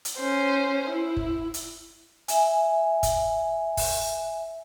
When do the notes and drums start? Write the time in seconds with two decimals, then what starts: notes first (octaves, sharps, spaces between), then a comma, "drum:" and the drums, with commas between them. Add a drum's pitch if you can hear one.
0.05 drum: hi-hat
0.17 C#4 C5
0.90 E4
1.17 drum: kick F#1
1.54 drum: hi-hat
2.28 E5 G#5, drum: hi-hat
3.03 drum: kick F#1, hi-hat
3.77 drum: kick F#1, open hi-hat